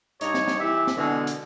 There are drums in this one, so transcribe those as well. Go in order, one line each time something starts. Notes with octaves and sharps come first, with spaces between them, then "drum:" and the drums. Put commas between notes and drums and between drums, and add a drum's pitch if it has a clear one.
G2 D#4 G4 C#5, drum: hi-hat
drum: snare
drum: snare
E3 G4 E5
drum: snare
B2 D3 E3 G#3
drum: hi-hat